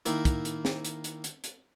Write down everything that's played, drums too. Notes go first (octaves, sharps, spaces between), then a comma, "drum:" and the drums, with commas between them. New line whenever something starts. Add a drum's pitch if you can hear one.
D#3 A#3 E4, drum: hi-hat
drum: kick, hi-hat
drum: hi-hat
drum: snare
drum: hi-hat
drum: hi-hat
drum: hi-hat
drum: hi-hat